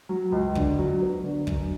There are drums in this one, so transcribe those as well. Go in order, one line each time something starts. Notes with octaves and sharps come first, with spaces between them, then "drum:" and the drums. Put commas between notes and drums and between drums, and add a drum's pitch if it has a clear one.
F#3
C#2
D3, drum: kick
F#3
B3
D3
F#2, drum: kick